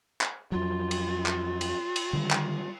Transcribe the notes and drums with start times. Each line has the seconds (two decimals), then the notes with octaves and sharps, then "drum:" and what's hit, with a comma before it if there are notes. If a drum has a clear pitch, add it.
0.21 drum: clap
0.52 F2 F#3 F4
0.91 drum: cymbal
1.26 drum: clap
1.61 drum: cymbal
1.96 drum: cymbal
2.13 D3 D#3 G3
2.31 drum: clap